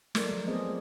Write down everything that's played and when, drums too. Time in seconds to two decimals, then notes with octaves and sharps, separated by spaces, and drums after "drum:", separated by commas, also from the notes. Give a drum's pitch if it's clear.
0.15 F#3 G#3 A3 A4 A#4 D5, drum: snare
0.32 F3
0.47 B3 C4 G#4 C5 D#5
0.66 D5